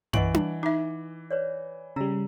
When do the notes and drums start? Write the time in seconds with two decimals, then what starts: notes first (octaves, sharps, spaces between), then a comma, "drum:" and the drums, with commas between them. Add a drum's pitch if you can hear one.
0.13 E3 D#5 F#5 C#6 D7 F#7, drum: tom
0.34 drum: tom D4
0.63 D#4 E5 D6
1.31 B4 C#5 D5
1.96 C#3 G3 A#5 E6